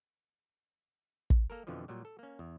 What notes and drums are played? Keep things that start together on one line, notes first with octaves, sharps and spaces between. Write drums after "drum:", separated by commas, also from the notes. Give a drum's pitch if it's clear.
drum: kick
A#3 A4 A#4
F2 B2 D3 E3 F3
A#2 F#3 G3
A4
A#3 C#4
E2